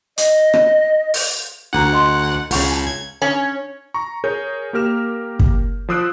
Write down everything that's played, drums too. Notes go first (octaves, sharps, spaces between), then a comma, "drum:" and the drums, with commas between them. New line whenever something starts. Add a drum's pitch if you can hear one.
D#5, drum: hi-hat
drum: rim click
drum: open hi-hat
D2 D4 F#5 A5 A#5
D#5 C6
C#2 C#3 C#4 F#5 C#6, drum: open hi-hat
G#5 A5
G#6
C#4
A#5 C#6
G#4 A#4 C#5 G6
A#3 G4 A#4 F6 E7
drum: kick
F3 C5 D#6 E6 F#6 D7